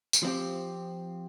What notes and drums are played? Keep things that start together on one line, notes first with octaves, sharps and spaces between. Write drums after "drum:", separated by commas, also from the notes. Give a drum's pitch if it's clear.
drum: tambourine
F3 C4 G4